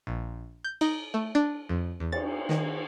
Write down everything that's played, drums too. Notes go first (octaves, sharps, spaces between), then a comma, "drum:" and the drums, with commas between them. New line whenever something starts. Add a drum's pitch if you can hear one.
A#1
G6
D#4, drum: cymbal
A3
D4
F2
E2
A6, drum: cymbal
D#3, drum: snare